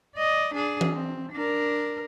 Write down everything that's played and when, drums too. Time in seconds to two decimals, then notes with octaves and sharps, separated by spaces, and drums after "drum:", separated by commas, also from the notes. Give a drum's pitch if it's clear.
0.16 D5 D#5
0.55 D4 G#4
0.81 drum: tom E3
0.93 C4
1.33 D4 A#4